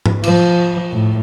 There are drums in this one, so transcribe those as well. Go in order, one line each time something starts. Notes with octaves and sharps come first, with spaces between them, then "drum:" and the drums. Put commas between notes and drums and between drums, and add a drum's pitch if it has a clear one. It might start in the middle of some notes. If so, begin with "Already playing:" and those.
drum: tom G#2
F3, drum: cymbal
A2